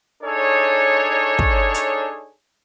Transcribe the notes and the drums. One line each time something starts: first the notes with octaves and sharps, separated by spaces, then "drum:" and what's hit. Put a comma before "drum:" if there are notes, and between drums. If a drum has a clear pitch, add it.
D4 D#4 G#4 A4 C#5
drum: kick
drum: hi-hat